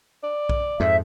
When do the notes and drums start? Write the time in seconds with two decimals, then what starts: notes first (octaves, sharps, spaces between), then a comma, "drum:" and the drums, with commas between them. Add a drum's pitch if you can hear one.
0.23 D5
0.49 drum: kick B1
0.80 F2 G#2 E5